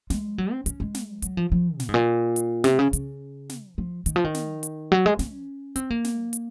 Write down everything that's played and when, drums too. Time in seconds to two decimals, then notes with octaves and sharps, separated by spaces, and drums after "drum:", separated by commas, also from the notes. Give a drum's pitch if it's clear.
0.10 G#3, drum: snare
0.38 F#3
0.52 C4
0.66 C#4, drum: hi-hat
0.80 G#3
0.94 drum: snare
1.22 F#3, drum: hi-hat
1.37 F3
1.52 F3
1.80 A#2, drum: snare
1.89 G#2
1.94 A#2
2.36 drum: hi-hat
2.64 C3, drum: snare
2.79 C#3
2.93 C#3, drum: hi-hat
3.49 drum: snare
3.78 F3
4.06 D#3, drum: hi-hat
4.16 F3
4.24 D#3
4.34 drum: snare
4.63 drum: hi-hat
4.92 F#3
5.06 G#3
5.19 C#4, drum: snare
5.76 C4, drum: hi-hat
5.90 A#3
6.04 drum: snare
6.33 drum: hi-hat